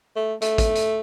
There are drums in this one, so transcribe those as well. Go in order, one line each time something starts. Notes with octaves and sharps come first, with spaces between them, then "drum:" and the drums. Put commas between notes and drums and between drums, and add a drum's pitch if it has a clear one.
A3
A3, drum: hi-hat
drum: kick, hi-hat
drum: hi-hat